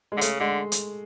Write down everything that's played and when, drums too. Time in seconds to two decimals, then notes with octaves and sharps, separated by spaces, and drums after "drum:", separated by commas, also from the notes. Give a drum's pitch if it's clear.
0.12 G#3
0.17 D3
0.21 C#3 A3, drum: hi-hat
0.40 D3 G#3
0.72 drum: hi-hat